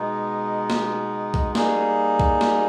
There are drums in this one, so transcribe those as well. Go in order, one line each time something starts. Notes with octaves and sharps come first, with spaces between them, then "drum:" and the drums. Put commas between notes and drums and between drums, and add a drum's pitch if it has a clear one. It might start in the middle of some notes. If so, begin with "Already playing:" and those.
Already playing: B2 G#3 B3 D#4
drum: snare
drum: kick C2
G3 A#3 D#4 G#4, drum: snare
drum: kick C2
drum: snare